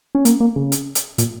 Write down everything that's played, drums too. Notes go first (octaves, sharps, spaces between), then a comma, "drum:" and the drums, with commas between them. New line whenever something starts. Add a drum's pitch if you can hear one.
C#4
A#3, drum: hi-hat
A#3
C#3
drum: hi-hat
drum: hi-hat
A#2, drum: hi-hat